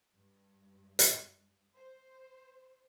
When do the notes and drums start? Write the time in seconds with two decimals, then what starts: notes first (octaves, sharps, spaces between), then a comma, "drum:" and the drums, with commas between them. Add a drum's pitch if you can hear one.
0.17 G2
0.99 drum: hi-hat
1.75 C5